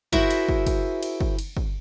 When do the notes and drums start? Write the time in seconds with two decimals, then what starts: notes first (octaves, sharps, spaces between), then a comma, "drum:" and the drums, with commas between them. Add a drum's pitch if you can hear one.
0.13 E4 F#4 G#4 A#4 C5 E5, drum: kick
0.31 drum: cymbal
0.49 drum: kick
0.67 drum: kick, cymbal
1.03 drum: cymbal
1.21 drum: kick
1.39 drum: cymbal
1.57 drum: kick